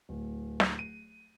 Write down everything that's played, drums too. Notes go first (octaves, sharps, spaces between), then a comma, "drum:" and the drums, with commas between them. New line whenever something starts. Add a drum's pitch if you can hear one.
D1
drum: snare
D#7